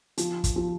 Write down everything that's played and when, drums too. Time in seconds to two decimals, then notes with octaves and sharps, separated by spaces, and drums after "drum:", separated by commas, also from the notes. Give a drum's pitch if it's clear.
0.18 F3, drum: hi-hat
0.44 drum: kick, hi-hat
0.56 F3